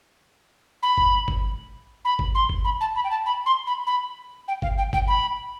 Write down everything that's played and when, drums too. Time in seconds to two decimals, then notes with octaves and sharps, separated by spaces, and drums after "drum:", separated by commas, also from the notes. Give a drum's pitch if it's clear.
0.82 B5
0.98 drum: kick G1
1.28 drum: kick G1
2.04 B5
2.19 drum: kick G1
2.34 C6
2.49 drum: kick G1
2.64 B5
2.80 A5
2.95 B5
3.04 G5
3.10 A5
3.25 B5
3.46 C6
3.66 B5
3.86 B5
4.48 G5
4.62 F5, drum: kick G1
4.77 G5
4.93 G5, drum: kick G1
5.07 B5